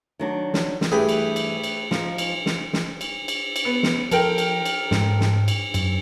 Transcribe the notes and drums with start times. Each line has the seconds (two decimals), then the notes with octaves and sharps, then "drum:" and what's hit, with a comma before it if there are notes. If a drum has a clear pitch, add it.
0.19 D#3 F#3 D4
0.54 drum: snare
0.81 drum: snare
0.92 G2 E3 A3 G4 G#4 B4
1.09 drum: cymbal
1.36 drum: cymbal
1.64 drum: cymbal
1.91 F3 D#4, drum: snare
2.18 drum: cymbal
2.46 drum: snare
2.73 drum: snare
3.01 drum: cymbal
3.28 drum: cymbal
3.56 drum: cymbal
3.65 B3
3.83 drum: snare
4.12 F3 A4 A#4 G5, drum: cymbal
4.38 drum: cymbal
4.65 drum: cymbal
4.91 G#2 G#3, drum: snare
5.20 drum: snare
5.48 drum: cymbal
5.74 F#2, drum: cymbal